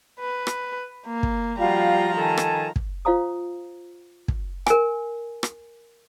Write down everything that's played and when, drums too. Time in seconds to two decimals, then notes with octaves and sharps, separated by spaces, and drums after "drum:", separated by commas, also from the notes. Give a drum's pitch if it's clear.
0.19 B4
0.47 drum: rim click
1.06 A#3
1.23 drum: kick
1.59 F3 G3 F4 F#4 F5 A#5
2.16 D#3 A4 G#5 A5
2.37 drum: rim click
2.76 drum: kick
3.05 F4 C5 F5 A#5 D#6
4.28 drum: kick
4.66 A#4 G#5, drum: rim click
5.43 drum: rim click